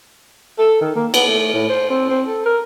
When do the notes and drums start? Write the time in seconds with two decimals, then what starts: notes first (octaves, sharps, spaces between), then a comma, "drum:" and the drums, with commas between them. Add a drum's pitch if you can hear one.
0.58 A4
0.81 D#3
0.95 A#3
1.14 B3, drum: cymbal
1.27 A3
1.53 A2
1.69 C5
1.90 C4
2.09 C4
2.27 A4
2.46 A#4